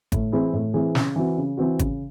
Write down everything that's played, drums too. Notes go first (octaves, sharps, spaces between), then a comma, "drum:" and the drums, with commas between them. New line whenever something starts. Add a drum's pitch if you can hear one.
A2, drum: kick G#1, hi-hat
E3 C4 E4 G#4
A2
E3 C4 E4 G#4
C#3, drum: snare
E3 C4 F#4
C#3
E3 C4 F#4
C#3, drum: kick G#1, hi-hat